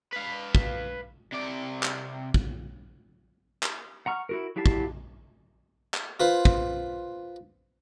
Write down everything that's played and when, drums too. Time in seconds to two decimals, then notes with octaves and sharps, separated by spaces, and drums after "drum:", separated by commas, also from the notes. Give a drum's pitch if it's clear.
0.12 B4 F5
0.55 drum: kick
1.33 C3 D5
1.83 drum: clap
2.34 drum: kick
3.63 drum: clap
4.06 F#5 A#5 C#6 F6
4.29 E4 F#4 A#4
4.56 F#3 E4 G4 F5 A5
4.66 drum: kick
5.94 drum: clap
6.20 F4 B4 C5
6.45 drum: kick